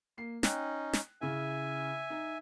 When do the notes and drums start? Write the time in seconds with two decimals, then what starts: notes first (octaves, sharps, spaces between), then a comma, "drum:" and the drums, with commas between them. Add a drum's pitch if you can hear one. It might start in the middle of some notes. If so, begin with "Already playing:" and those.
0.17 A#3 C7
0.43 C#4 D#4 G5 F#6, drum: snare
0.93 drum: snare
1.21 C#3 E4 E5 G#5
2.10 D#4